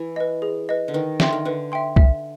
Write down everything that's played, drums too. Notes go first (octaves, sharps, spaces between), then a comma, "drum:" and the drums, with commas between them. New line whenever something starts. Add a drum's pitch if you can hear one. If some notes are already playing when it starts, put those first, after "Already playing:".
Already playing: E3
B4 D#5
G#4
B4 D#5
D3
D#3 B4
D3 E5 G5 C6, drum: snare
D#3
D3 B4
E5 G5 C6
E5, drum: kick